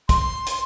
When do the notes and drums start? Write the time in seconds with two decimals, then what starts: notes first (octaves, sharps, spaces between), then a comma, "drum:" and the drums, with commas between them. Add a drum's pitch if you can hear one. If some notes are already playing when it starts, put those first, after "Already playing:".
0.09 C6, drum: kick, hi-hat
0.46 drum: hi-hat